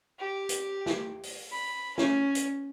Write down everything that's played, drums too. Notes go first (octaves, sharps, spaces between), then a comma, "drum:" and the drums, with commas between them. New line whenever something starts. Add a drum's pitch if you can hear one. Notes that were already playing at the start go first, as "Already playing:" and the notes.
G4
drum: hi-hat
drum: snare
drum: open hi-hat
B5
C#4, drum: snare
drum: hi-hat